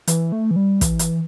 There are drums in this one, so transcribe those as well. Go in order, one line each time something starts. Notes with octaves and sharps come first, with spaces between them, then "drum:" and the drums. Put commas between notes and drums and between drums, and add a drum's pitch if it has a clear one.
E3, drum: hi-hat
A3
E3
G3
E3, drum: kick, hi-hat
drum: hi-hat